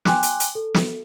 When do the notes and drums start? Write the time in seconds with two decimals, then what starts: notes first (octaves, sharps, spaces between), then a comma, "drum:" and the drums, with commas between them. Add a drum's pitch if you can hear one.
0.05 G5 G#5 C6 D6 F#6, drum: snare
0.23 drum: hi-hat
0.40 drum: hi-hat
0.55 A4
0.74 drum: snare